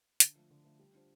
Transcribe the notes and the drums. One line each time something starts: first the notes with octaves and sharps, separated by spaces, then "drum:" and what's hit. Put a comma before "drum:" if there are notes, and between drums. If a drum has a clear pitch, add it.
D3, drum: hi-hat
F3 A3
D3
F3 A3
G3
D4 F4 C5